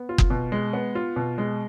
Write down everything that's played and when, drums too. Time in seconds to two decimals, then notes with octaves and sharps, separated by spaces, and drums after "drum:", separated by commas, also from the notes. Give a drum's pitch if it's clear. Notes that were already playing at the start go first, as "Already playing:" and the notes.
Already playing: B3
0.09 F4
0.18 drum: kick F#1
0.30 B2
0.52 G#3
0.73 B3
0.95 F4
1.16 B2
1.38 G#3